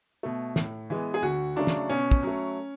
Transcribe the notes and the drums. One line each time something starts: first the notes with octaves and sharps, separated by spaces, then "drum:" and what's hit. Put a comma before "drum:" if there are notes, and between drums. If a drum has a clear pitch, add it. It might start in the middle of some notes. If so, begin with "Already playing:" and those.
B2 A3
A2, drum: snare
E3 G#3 B3
G#4
D2 F#4
C#3 F#3 A3 D4
drum: snare
B2 C#4
drum: kick
F#3 A3